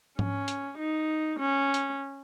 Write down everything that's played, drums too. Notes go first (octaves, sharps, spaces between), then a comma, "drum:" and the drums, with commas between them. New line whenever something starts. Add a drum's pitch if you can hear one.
C#4, drum: tom G#2
drum: hi-hat
D#4
C#4
drum: hi-hat